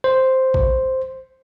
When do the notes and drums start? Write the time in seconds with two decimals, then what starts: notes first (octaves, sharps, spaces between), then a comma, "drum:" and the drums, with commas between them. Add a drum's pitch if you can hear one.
0.04 C5
0.54 drum: kick A1